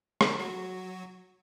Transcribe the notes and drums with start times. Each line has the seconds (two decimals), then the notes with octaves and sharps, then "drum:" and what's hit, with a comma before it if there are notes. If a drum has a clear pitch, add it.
0.21 D3 D4, drum: rim click
0.39 F#3 F#4